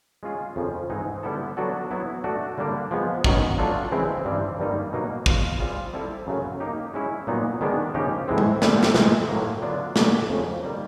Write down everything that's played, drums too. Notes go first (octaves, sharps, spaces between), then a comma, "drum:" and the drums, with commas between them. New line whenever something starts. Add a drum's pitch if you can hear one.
G#3 C#4 F4 G#4
F2 C#3 F3
G#2 E3 G#3 C4 D#4
D3 G3 B3 E4 A4
F#3 B3 D4 F#4 A4
F#3 B3 E4
A3 D4 F#4
D3 G3 A#3 D4
F3 G#3 B3
F#2 D#3 F#3 B3, drum: kick
F#3 A3 D4 F4 A4
C#3 E3 G#3 C4 E4
G2 E3 G3 C4
G2 D#3 G3 A#3 D#4
B2 F#3 A#3 D#4 F#4
B2 G#3 C#4 F4, drum: kick
G3 C4 F4 G#4
G3 C4 E4 A4
F#2 C#3 F#3 A3
A#3 D#4 G4
G#3 C#4 E4
A#2 F#3 B3 D#4
D#3 G#3 B3 D4
C#3 F3 A#3 D#4 G4
A2 E3 G#3 C4
drum: tom G#3
D3 G3 C4 E4 G4, drum: snare
drum: snare
C3 E3 G#3 C4, drum: snare
A2 F#3 A#3
D3 F#3 B3 D4 F4
B2 F#3 A3 D4 G4, drum: snare
F2 C#3 F#3
D#3 G3 A#3